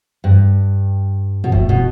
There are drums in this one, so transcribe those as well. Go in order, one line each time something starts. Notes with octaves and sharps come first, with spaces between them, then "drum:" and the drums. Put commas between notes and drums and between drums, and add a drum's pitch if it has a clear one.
G2
B2
A2, drum: kick D#1
B2